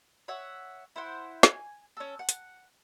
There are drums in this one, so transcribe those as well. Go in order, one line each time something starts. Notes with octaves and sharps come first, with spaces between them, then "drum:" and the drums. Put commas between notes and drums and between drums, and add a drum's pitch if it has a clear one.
C#5 E5 F#5
E4 C5 F#5
G#5, drum: snare
C#4 A4
F#5
drum: hi-hat